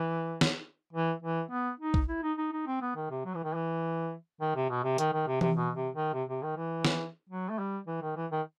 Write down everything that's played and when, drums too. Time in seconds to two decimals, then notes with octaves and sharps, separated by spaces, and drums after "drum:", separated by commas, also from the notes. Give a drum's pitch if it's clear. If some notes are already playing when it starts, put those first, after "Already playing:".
Already playing: E3
0.41 drum: snare
0.93 E3
1.22 E3
1.51 B3
1.80 D#4
1.94 drum: kick
2.08 E4
2.23 D#4
2.38 D#4
2.52 D#4
2.67 C4
2.82 B3
2.96 D#3
3.11 C3
3.25 F#3
3.35 E3
3.44 D#3
3.54 E3
4.41 D#3
4.55 C3
4.70 B2
4.84 C3
4.98 D#3, drum: hi-hat
5.13 D#3
5.27 C3
5.41 C3, drum: tom E3
5.57 B2
5.76 C3
5.95 D#3
6.13 C3
6.29 C3
6.42 D#3
6.57 E3
6.85 drum: snare
7.29 F#3
7.50 A3
7.59 G3
7.87 E3
8.02 D#3
8.16 E3
8.31 D#3